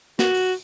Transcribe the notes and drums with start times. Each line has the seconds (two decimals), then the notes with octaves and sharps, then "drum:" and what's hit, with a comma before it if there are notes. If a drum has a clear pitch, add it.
0.19 F#4, drum: snare
0.34 drum: open hi-hat